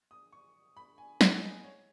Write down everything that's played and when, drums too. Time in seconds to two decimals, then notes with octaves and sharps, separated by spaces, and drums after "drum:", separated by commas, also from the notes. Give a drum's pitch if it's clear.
0.11 D#6
0.32 C#6
0.77 B5
0.98 G#5
1.21 F#5, drum: snare
1.42 D#5
1.64 C#5